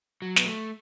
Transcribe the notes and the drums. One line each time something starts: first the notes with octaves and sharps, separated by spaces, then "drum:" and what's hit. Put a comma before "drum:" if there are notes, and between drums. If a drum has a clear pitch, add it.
F#3
B3, drum: snare
A3